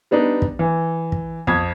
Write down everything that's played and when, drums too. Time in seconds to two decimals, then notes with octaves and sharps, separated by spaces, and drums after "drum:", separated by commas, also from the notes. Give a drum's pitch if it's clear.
0.11 G3 B3 D4 D#4
0.42 drum: kick
0.59 E3
1.12 drum: kick
1.47 F2 G#6, drum: kick